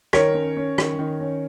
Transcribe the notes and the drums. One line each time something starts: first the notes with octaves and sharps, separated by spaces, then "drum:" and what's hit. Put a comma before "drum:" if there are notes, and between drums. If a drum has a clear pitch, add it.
D#3 A#4 C#5, drum: rim click
C#4
C#4
D#3, drum: rim click
D#3
C#4